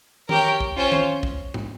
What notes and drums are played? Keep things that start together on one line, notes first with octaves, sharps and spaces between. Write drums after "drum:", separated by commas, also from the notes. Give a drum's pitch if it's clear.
G4 A#4 C#5 G5, drum: tom D#3
drum: kick A#1
C#4 F4 C5
drum: tom D#3
drum: kick A#1
drum: tom G#2